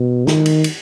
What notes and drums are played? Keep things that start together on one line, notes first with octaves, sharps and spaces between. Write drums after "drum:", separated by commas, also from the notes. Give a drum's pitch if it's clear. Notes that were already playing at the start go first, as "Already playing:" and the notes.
Already playing: B2
D#3, drum: snare
drum: cymbal
drum: cymbal